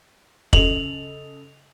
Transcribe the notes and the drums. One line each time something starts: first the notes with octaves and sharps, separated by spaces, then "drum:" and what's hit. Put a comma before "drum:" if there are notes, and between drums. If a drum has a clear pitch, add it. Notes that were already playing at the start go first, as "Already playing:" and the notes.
C#3 A4 D#5 F7 F#7, drum: kick